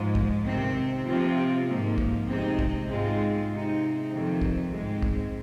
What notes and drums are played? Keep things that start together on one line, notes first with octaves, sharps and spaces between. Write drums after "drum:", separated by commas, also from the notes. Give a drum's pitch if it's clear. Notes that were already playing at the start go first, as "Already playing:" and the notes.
Already playing: G#2 F3 G#3
drum: kick
C3 D#3 C4
C3 F3 C4 F4
G#2 F3 A#3
drum: kick
C3 G#3 C4 D#4
drum: kick
G#2 G#3 C4 F4
C3 G#3 C4 D#4
F2 C3 D#3 C4
drum: kick
G#2 G#3 C4
drum: kick